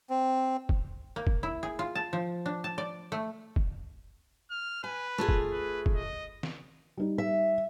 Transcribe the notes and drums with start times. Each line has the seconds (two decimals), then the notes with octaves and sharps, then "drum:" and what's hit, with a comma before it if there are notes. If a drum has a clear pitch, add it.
0.10 C4
0.69 drum: kick
1.16 A#3
1.27 drum: kick
1.43 E4
1.63 G#4
1.79 F4
1.95 A5
2.13 F3
2.46 D4
2.64 A5
2.78 D5
3.12 A3
3.56 drum: kick
4.50 F6
4.84 B4 G#5
5.18 A3 F4 G#4
5.28 drum: kick
5.52 B4
5.86 drum: kick
5.95 D#5
6.43 drum: snare
6.97 G3 D#4
7.18 E5